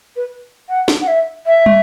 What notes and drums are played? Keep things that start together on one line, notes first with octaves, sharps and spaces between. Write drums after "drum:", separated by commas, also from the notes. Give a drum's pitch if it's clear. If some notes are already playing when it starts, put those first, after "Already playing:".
B4
F#5
drum: snare
F#5
E5
E5
drum: tom